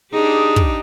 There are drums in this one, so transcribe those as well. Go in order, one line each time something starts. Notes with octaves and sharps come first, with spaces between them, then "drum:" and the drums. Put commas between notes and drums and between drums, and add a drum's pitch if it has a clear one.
D4 D#4 G4 G#4
drum: kick